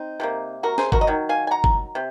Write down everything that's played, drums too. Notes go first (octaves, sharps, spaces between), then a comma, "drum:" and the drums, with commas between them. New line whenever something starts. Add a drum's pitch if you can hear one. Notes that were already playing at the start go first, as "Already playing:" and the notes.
Already playing: C4 D#4
C3 F#3 A#3
F#4 A#4
G#4 C5, drum: snare
F#4 A#4, drum: kick G1
D#5
D#3 F#3
F5 G#5
G#5
F#5 A#5
drum: kick G1
C3